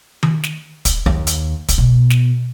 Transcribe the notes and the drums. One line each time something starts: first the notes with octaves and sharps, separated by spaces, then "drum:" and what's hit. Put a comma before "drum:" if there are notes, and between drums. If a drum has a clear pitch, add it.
drum: tom D#3
drum: snare
drum: kick, hi-hat
D#2
drum: hi-hat
drum: kick, hi-hat
B2
drum: snare